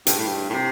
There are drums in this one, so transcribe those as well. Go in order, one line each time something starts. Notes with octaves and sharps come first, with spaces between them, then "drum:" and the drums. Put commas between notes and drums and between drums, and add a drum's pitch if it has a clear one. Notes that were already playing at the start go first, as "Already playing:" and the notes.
G2, drum: hi-hat
A2
G2
A2
C3